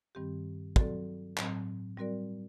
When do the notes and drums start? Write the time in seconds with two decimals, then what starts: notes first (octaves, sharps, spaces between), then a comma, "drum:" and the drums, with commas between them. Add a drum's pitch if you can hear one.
0.15 G2 D#3 G3 C4 G4
0.76 F#3 C4 F#4 A4 D5, drum: kick
1.37 A2 F#3 C4, drum: clap
1.97 G3 C4 F#4 A#4 D5